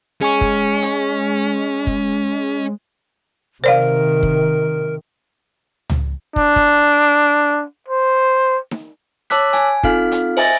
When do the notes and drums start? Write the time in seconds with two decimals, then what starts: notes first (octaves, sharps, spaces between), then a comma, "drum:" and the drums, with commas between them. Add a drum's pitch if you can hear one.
0.21 G#3 C#4 G#4 G#5 C#6
0.41 drum: kick
0.83 drum: hi-hat
1.87 drum: kick
3.64 C3 D#3 A#4 C5 D5 F5
4.23 drum: kick
5.90 drum: tom C#2
6.36 D4, drum: kick
6.56 drum: kick
7.88 C5
8.71 drum: snare D#4
9.30 C#5 A5 D6 E6 F#6 B6, drum: hi-hat
9.53 G#5, drum: hi-hat
9.83 C4 D#4 F4 A4 F5 F6, drum: kick
10.12 drum: hi-hat
10.37 C5 D#5 E5 G#5 A6 A#6, drum: open hi-hat